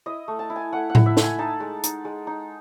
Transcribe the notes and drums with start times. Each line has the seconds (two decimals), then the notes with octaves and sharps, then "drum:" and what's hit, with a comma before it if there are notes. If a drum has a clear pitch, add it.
0.06 E4 D#5
0.28 A3
0.39 A5
0.50 E4
0.56 G#5
0.72 A3 F#5
0.90 F#5
0.95 E4, drum: tom A2
1.06 E5
1.17 A3, drum: snare
1.22 G#5
1.38 D#4 A5
1.60 G#3
1.83 D#4, drum: hi-hat
2.05 G#3
2.27 D#4